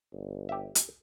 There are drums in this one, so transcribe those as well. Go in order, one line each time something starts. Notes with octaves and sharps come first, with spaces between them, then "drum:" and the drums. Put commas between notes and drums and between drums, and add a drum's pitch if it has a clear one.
G1
G4 E5
drum: hi-hat